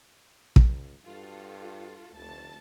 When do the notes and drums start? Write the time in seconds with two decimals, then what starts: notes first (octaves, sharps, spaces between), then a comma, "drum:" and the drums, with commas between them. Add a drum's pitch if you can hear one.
0.56 C#2, drum: kick
1.06 G2 F4 F#4 A4
2.16 F1 D2 A5 A6